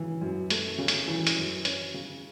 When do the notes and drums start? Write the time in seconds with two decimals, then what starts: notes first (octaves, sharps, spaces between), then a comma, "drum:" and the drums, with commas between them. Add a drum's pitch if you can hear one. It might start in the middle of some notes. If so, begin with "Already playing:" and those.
Already playing: C#3 E3
0.21 F#2
0.50 A3, drum: hi-hat
0.78 C#3
0.88 drum: hi-hat
1.08 E3
1.27 drum: hi-hat
1.36 F#2
1.65 C#4, drum: hi-hat
1.94 C#3